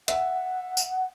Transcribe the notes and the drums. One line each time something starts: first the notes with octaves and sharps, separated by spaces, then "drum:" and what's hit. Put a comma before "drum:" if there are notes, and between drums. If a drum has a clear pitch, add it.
E5 F#5, drum: hi-hat
drum: tambourine